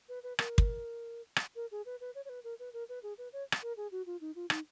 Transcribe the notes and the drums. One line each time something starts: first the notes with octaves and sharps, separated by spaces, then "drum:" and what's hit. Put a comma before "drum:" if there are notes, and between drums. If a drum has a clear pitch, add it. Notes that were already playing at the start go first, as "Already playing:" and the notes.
B4
B4
A#4, drum: rim click
drum: kick
drum: rim click
A#4
G#4
B4
B4
C#5
C#5
B4
A#4
B4
A#4
B4
G#4
B4
C#5
drum: rim click
A#4
G#4
F#4
F4
D#4
F4
D#4, drum: rim click